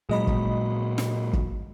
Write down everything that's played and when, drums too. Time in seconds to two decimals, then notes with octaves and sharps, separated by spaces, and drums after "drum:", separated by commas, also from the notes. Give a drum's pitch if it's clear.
0.09 A#2 F#3 G#3 D#5 B5
0.27 drum: kick
0.98 drum: snare
1.33 drum: kick